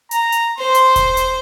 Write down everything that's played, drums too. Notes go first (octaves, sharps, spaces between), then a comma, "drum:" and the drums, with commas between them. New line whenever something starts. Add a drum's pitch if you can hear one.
A#5, drum: hi-hat
drum: hi-hat
C5 C6
drum: hi-hat
drum: kick E1, hi-hat
drum: hi-hat